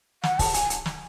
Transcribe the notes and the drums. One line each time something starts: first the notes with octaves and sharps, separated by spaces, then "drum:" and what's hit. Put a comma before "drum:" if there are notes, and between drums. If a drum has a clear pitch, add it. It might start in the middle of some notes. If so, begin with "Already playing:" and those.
F#5, drum: snare
A5, drum: kick C#1, open hi-hat
G#5, drum: hi-hat
drum: hi-hat
drum: snare